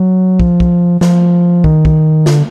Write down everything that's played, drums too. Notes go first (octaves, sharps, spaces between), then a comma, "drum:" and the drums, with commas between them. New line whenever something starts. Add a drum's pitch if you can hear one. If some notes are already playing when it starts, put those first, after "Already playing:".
Already playing: F#3
F3, drum: kick
drum: kick
F3, drum: snare
D#3, drum: kick
drum: kick
D3, drum: snare